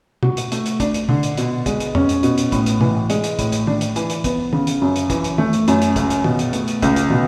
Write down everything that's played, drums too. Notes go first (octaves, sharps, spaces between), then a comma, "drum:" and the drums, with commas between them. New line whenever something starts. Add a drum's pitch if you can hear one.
F#4, drum: tom
drum: hi-hat
A3, drum: hi-hat
drum: hi-hat
D4, drum: kick, hi-hat
drum: hi-hat
D3, drum: tom
drum: hi-hat
B2, drum: hi-hat
G#3, drum: kick, hi-hat
drum: hi-hat
C#4, drum: tom
drum: hi-hat
B2, drum: hi-hat
drum: hi-hat
A2, drum: kick, hi-hat
drum: hi-hat
E3, drum: tom
G#3, drum: hi-hat
drum: hi-hat
A2, drum: kick, hi-hat
drum: hi-hat
D4, drum: tom
drum: hi-hat
E3, drum: hi-hat
drum: hi-hat
B3, drum: kick, hi-hat
C#3, drum: tom
drum: hi-hat
F#2
drum: hi-hat
E3, drum: kick, hi-hat
drum: hi-hat
A3, drum: tom
drum: hi-hat
F#2, drum: hi-hat
drum: hi-hat
C#2, drum: kick, hi-hat
drum: hi-hat
B2, drum: tom
drum: hi-hat
A3, drum: hi-hat
drum: hi-hat
C#2, drum: kick, hi-hat
drum: hi-hat
B2, drum: tom